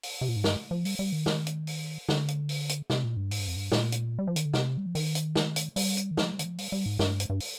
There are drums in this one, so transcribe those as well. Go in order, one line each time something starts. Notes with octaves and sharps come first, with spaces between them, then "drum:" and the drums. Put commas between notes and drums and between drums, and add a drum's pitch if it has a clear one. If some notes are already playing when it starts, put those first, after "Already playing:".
drum: open hi-hat
C3
A#2
G#2
G2, drum: snare
F3
G3, drum: open hi-hat
G3
D#3
drum: snare
drum: hi-hat
drum: open hi-hat
D3, drum: snare
drum: hi-hat
drum: open hi-hat
drum: hi-hat
C3, drum: snare
A#2
G2
G#2, drum: open hi-hat
G2
F2
G2
A#2, drum: snare
drum: hi-hat
G3
F3
D#3, drum: hi-hat
D3
C3, drum: snare
G3
F3
D#3, drum: open hi-hat
drum: hi-hat
drum: snare
drum: hi-hat
G3, drum: open hi-hat
drum: hi-hat
D#3
F3, drum: snare
G3
D#3, drum: hi-hat
F3
G3, drum: open hi-hat
G3
G#2
G2, drum: snare
drum: hi-hat
G2
drum: open hi-hat